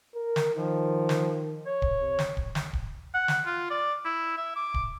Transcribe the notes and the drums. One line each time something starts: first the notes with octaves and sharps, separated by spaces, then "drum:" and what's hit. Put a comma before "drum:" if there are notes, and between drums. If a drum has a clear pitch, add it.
A#4
drum: snare
D#3 F3
drum: snare
C#5
drum: kick
C3
drum: snare
drum: kick
drum: snare
drum: kick
F#5
drum: snare
F4
D5
E4
E5
D6
drum: kick